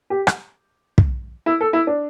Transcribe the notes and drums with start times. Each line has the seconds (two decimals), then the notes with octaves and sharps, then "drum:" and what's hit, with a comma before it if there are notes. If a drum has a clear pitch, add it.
0.10 G4
0.27 drum: rim click
0.98 drum: kick
1.46 E4
1.61 A4
1.73 E4
1.87 D4